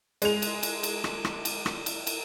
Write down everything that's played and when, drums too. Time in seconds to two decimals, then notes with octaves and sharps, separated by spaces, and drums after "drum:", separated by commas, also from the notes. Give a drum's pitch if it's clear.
0.22 G#3 F7, drum: cymbal
0.42 drum: cymbal
0.63 drum: cymbal
0.83 drum: cymbal
1.04 drum: rim click
1.25 drum: rim click
1.45 drum: cymbal
1.66 drum: rim click
1.86 drum: cymbal
2.07 drum: cymbal